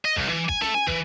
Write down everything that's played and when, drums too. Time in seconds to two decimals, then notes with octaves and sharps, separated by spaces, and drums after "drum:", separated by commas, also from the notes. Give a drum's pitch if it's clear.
0.05 D#5
0.16 C2, drum: kick
0.29 E3
0.49 G#5, drum: kick
0.61 A3, drum: snare
0.75 G#5, drum: snare
0.87 E3, drum: kick